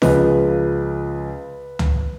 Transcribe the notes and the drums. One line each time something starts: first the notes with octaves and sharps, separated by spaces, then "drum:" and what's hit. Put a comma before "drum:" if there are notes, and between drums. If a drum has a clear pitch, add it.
C#2 C#3 F3 B4, drum: snare
drum: tom